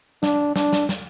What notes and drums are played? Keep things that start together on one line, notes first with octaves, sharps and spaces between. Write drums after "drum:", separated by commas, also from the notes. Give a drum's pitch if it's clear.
D4, drum: snare
D4, drum: snare
drum: snare
drum: snare